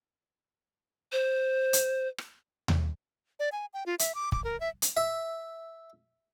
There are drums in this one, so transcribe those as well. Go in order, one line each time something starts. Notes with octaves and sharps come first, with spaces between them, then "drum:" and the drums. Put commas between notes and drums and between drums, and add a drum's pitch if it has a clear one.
C5
drum: hi-hat
drum: rim click
drum: tom D#2
D5
G#5
G5
F4
E5, drum: hi-hat
D6
D6, drum: kick
A#4
E5
drum: hi-hat
E5